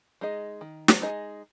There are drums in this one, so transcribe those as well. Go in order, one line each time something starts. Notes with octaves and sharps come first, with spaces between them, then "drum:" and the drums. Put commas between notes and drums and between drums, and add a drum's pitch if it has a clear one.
G#3 D#4 G#4 D#5
D#3
drum: snare
G#3 D#4 G#4 D#5